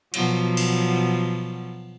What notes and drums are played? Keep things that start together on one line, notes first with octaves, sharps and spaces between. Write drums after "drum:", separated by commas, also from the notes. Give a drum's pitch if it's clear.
B2 F3 F#3, drum: cymbal
drum: cymbal